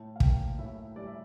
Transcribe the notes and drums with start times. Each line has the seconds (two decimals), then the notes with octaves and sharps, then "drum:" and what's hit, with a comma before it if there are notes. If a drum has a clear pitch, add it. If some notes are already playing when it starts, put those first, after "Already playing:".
Already playing: A2 A5
0.16 F5
0.20 A#3 G5, drum: kick
0.58 A2 E5
0.96 G3 D5
1.07 E5